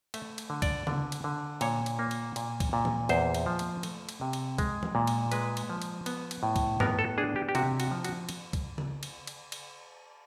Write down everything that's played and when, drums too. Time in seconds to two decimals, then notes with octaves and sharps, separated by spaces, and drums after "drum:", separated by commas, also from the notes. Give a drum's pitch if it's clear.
0.14 A3 E5, drum: cymbal
0.38 drum: cymbal
0.50 D3
0.62 D5, drum: kick C2, cymbal
0.87 D3, drum: tom C#3
1.12 drum: cymbal
1.24 D3
1.61 A#2 C#5, drum: cymbal
1.86 drum: cymbal
1.99 A#3
2.11 drum: cymbal
2.36 A#2, drum: cymbal
2.60 drum: kick C2, cymbal
2.73 A#2
2.85 drum: tom E3
3.09 E2 C5, drum: cymbal
3.34 drum: cymbal
3.46 F3
3.59 drum: cymbal
3.83 A3, drum: cymbal
4.09 drum: cymbal
4.21 C3
4.33 drum: cymbal
4.58 G#3, drum: kick C2, cymbal
4.83 drum: tom E3
4.95 A#2
5.07 drum: cymbal
5.32 G#3 B4, drum: cymbal
5.57 drum: cymbal
5.70 F3
5.82 drum: cymbal
6.06 B3, drum: cymbal
6.31 drum: cymbal
6.43 A2
6.56 drum: kick C2, cymbal
6.80 B3 A#4, drum: tom G2
6.99 A4
7.18 D4 G#4
7.36 G4
7.49 G4
7.55 C3 F#4, drum: cymbal
7.80 F#4, drum: cymbal
7.91 F3
8.04 F#4, drum: cymbal
8.29 drum: cymbal
8.53 drum: kick C2, cymbal
8.78 drum: tom C#3
9.03 drum: cymbal
9.27 drum: cymbal
9.52 drum: cymbal